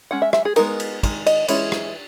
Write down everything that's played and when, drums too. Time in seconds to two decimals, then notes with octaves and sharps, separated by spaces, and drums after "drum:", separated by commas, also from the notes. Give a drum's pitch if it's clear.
0.11 G#3 C#4 F#5
0.22 E5
0.33 E5, drum: rim click
0.45 G#4
0.56 G#3 B3 D#4 A#4, drum: cymbal
0.80 drum: cymbal
1.03 D#3 G#3, drum: kick, cymbal
1.26 D#5, drum: cymbal
1.48 E3 G#3 C#4 E4, drum: cymbal
1.72 drum: rim click